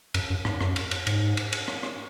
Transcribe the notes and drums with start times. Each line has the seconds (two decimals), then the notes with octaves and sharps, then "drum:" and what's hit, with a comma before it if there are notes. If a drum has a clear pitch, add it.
0.14 F#2, drum: cymbal
0.30 F#2
0.45 G#2, drum: rim click
0.61 F#2, drum: rim click
0.76 drum: cymbal
0.91 drum: cymbal
1.07 G#2, drum: cymbal
1.37 drum: cymbal
1.53 drum: cymbal
1.68 drum: rim click
1.83 drum: rim click